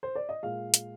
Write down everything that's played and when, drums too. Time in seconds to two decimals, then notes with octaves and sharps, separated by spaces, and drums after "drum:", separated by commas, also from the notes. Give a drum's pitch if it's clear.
0.03 C5
0.15 D5
0.29 D#5
0.43 A#2 G#3 F5
0.74 drum: hi-hat